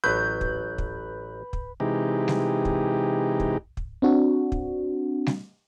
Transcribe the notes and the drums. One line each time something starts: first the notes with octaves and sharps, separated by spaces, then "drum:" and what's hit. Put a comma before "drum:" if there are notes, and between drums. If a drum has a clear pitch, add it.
A1 F#3 B4 G6
drum: kick
drum: kick
drum: kick
C3 E3 G#3 D#4 G4
drum: snare
drum: kick
drum: kick
drum: kick
C4 D4 F#4
drum: kick
drum: snare